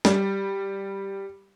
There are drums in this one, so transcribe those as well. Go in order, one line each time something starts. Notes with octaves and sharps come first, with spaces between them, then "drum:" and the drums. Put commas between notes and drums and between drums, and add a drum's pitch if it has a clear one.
G3, drum: snare